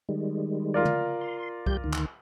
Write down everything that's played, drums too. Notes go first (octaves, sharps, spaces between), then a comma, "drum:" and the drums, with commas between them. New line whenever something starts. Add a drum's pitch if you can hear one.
D#3 G3 G#3
F4 A#4 D5
drum: tom
C6
G3 G4 G6, drum: kick C2
D2 D#3
drum: clap